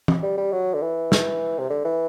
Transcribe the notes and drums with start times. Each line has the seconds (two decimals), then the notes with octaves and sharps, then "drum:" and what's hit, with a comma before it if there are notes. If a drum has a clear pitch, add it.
0.08 drum: tom
0.23 G3
0.37 G3
0.52 F#3
0.74 D3
0.82 E3
1.12 drum: snare
1.59 C3
1.70 D3
1.85 E3